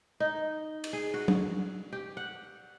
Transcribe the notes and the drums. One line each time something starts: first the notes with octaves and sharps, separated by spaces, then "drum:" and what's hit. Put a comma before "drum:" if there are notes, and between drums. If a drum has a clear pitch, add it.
D#4
drum: cymbal
G#4
F#4
drum: tom F#3
G4
F#5